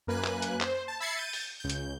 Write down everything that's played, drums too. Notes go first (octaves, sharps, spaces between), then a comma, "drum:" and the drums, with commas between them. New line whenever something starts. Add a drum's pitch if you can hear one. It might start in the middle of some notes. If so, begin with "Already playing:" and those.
F#2 A#3 B4 G#5 F#6
drum: clap
drum: hi-hat
C5, drum: clap
A5
E5 B5 G#6 A6 C7 C#7
G6 A6 D#7
drum: open hi-hat
C#2 G6
drum: hi-hat